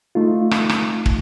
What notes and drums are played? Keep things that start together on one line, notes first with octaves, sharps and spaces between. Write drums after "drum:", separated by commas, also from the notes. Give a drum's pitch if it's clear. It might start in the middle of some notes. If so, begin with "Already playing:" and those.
A3 D#4 F4
drum: rim click
drum: rim click
drum: kick